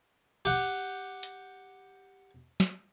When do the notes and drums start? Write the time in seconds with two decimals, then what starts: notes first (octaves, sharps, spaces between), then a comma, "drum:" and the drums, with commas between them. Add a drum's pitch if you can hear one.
0.45 G4 F#5, drum: cymbal
1.23 drum: hi-hat
2.60 drum: snare